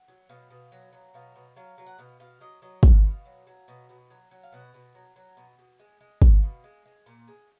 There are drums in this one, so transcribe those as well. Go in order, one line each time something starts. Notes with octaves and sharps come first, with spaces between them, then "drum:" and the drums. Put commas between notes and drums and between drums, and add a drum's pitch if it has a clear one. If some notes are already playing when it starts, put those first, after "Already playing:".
Already playing: F#5
F#3
B2 F5
B2
F#3
F#3
B2 F5
B2
F#3 F5
F#3
F#5
B2 F5
B2 F5
F#3 D#5
F#3 D#5
B2 F5, drum: kick
B2
F#3
F#3
B2
B2
F#3
F#3
F5
B2 F#5
B2
F#3
F#3
B2
B2
G#3
G#3
B2 F5, drum: kick
B2
G#3
G#3
A#2
G#3